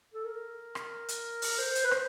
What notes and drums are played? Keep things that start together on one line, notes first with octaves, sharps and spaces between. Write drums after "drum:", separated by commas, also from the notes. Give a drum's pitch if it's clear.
A4
A#4
drum: rim click
drum: hi-hat
drum: open hi-hat
C5
drum: hi-hat
B4
C5, drum: rim click